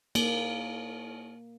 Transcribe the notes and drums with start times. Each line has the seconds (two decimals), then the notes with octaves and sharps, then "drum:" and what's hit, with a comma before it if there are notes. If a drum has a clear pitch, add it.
0.15 A#3, drum: cymbal